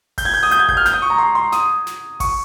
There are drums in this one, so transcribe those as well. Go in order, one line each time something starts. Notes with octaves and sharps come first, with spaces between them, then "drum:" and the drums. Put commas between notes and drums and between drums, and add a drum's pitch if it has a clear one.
G6, drum: kick G#1, open hi-hat
G#6
G6
D#6
G6, drum: hi-hat
G#6
G6, drum: kick G#1
F6
G6, drum: snare
D#6
C#6
A#5
C6
C6
D#6, drum: snare
drum: snare
C#6, drum: kick G#1, open hi-hat